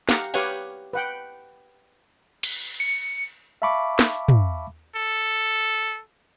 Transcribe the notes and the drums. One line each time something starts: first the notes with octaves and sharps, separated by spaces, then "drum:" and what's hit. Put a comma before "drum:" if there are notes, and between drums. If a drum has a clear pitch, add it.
G4 F5 F#5 A#5, drum: snare
G4 B4 C#5 F5 F#5 G#5, drum: open hi-hat
B4 F#5 G5
drum: cymbal
C#7
E5 F5 A5 B5 C#6 D6
drum: snare
drum: tom
A4